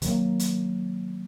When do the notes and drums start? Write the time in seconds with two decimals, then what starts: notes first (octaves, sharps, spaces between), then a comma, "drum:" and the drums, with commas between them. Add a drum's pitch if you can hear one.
0.02 C3 D#3 F#3 A#3, drum: hi-hat
0.39 drum: hi-hat